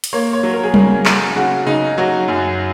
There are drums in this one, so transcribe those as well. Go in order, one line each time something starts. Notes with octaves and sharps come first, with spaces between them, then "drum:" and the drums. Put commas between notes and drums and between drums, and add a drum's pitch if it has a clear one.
drum: hi-hat
A#3 C#5
C#5
F#3
A#4
G#4
C#3 A#4, drum: tom F#3
F#3, drum: clap
C#3 F#4
C#3 D#4
F#3 F#4
F#2